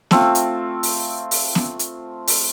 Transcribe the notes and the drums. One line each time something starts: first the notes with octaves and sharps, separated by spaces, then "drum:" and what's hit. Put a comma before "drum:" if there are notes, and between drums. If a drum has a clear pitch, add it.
A3 C4 F4, drum: snare B3
drum: hi-hat
drum: open hi-hat
drum: open hi-hat
drum: snare B3
drum: hi-hat
drum: open hi-hat